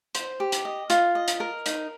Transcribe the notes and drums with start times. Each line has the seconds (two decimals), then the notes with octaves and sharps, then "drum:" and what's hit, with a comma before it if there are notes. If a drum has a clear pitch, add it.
0.15 C5, drum: hi-hat
0.40 G4
0.52 drum: hi-hat
0.65 D#5
0.90 F4, drum: hi-hat
1.15 D#5
1.28 drum: hi-hat
1.40 A#4
1.66 D#4, drum: hi-hat